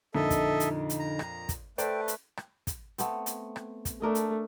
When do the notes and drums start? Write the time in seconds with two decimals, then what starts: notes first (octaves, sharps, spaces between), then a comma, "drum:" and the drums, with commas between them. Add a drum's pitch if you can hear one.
0.15 F2 A#2 D3 D4 D#4 A4 D#5 E5
0.30 drum: kick, hi-hat
0.60 drum: hi-hat
0.90 drum: hi-hat
0.99 A#5
1.19 drum: rim click
1.49 drum: kick, hi-hat
1.78 A3 A4 B4 C5 D5 G5, drum: hi-hat
2.08 drum: hi-hat
2.37 drum: rim click
2.67 drum: kick, hi-hat
2.98 A3 B3 C4, drum: hi-hat
3.26 drum: hi-hat
3.56 drum: rim click
3.85 drum: kick, hi-hat
4.02 A3 D4 A#4 D#5
4.15 drum: hi-hat